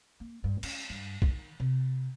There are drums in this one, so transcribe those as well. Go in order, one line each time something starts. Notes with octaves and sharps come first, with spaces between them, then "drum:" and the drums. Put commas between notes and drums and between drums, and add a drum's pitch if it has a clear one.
A#3
G2
C#4, drum: cymbal
G2
D#3, drum: kick B1
C3